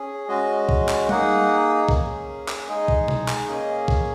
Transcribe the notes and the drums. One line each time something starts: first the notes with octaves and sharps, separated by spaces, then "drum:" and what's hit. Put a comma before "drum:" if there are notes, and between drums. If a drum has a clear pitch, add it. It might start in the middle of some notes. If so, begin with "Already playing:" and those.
Already playing: C#4 G#4
G#3 C#4 F#4 D#5
drum: kick
drum: clap
A#3 D#4 G#4 F#5, drum: tom G3
A#3 C#4 G#4, drum: kick
drum: clap
G#3 D#4 G#4 D#5
drum: kick
drum: tom B2
drum: clap
A#3 C#4 G#4 D#5
drum: kick